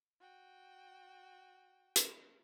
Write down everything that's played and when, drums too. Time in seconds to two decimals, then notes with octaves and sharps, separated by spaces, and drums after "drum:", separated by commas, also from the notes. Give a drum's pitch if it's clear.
0.20 F#4 G5
1.96 drum: hi-hat